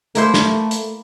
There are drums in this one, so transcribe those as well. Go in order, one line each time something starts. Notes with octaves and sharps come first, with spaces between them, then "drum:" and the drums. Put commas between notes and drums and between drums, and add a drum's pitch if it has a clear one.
A3 A#3 E4 C5, drum: hi-hat
drum: snare
drum: hi-hat